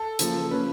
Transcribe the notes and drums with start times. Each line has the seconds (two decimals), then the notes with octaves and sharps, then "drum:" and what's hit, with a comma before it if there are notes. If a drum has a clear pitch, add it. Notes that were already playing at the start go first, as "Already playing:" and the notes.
Already playing: A4
0.19 C#3 F3 A#3, drum: hi-hat
0.51 C#3 F3 A#3 C#4 B4